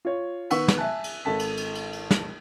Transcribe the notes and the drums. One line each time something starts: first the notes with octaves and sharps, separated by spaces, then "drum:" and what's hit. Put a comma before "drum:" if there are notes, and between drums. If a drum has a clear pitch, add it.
F4 C#5
D#3 B3 F#5 C#6 E6 B6, drum: cymbal
drum: snare
E5 G#5 A5 F#6
drum: cymbal
G#1 A4 A5 B6
drum: cymbal
drum: cymbal
drum: cymbal
drum: cymbal
drum: snare